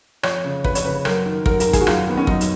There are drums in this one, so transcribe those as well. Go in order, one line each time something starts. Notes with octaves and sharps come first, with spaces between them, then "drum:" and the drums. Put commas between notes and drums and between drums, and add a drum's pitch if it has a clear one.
F2 C#5, drum: rim click
C#3
F2 B4, drum: kick
C#5, drum: hi-hat
C#3 B4
F#2 A#4, drum: rim click
D#3
F#2 A#4, drum: kick
A#4, drum: hi-hat
D#3
G#4, drum: kick, hi-hat
F#4
F#2 F4, drum: rim click
D#3 B3
C#4
F#2 D#4, drum: kick
drum: hi-hat